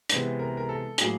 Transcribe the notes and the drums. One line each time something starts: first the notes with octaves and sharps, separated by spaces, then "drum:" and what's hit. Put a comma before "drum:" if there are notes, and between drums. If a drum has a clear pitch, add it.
C3 E3 G#3 B3, drum: hi-hat
A#4
A#4
A4
A2 F#3 A#3 G#4, drum: hi-hat